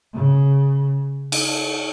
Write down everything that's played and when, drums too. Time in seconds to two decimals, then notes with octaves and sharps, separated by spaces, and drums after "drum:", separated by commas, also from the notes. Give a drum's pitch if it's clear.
0.14 C#3
1.32 drum: cymbal